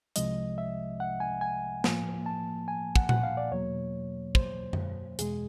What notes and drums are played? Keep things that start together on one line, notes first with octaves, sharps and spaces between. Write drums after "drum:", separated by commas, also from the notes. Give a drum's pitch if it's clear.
C2 C3 F3 G#3 D#5, drum: hi-hat
E5
F#5
G#5
G#5
A2 F3 A#3, drum: snare
A5
G#5
F#5, drum: kick
F#5, drum: tom A#2
F5
D5
E2 B2 F#3 A#3 C#5
C5, drum: kick
drum: tom F#2
E2 B2 G#3 G#4, drum: hi-hat